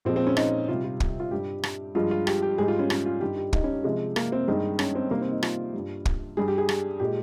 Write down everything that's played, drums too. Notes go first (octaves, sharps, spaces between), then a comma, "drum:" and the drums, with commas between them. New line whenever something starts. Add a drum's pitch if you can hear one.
A#2 F3 G#3 C4
C4
C#4
D#4, drum: rim click
C3 G3 F4
F4
drum: kick
F4
G2 G3 G4
drum: rim click
G2 F3 G#3 F4
F4
G4, drum: rim click
G4
G#2 G3 G#4
F4
C#4
C#4, drum: rim click
F4
G2 D#3 G3 G4
G4
D#4, drum: kick
C#4
C3 F3 G#3
A#3, drum: rim click
C4
G2 D#3 G#3
C#4, drum: rim click
C4
C3 D#3 G3 A#3
C4
D#4
F4, drum: rim click
G2 G3
drum: kick
G2 G3 G#4
G4
G#4
drum: rim click
A#2 G#3 G4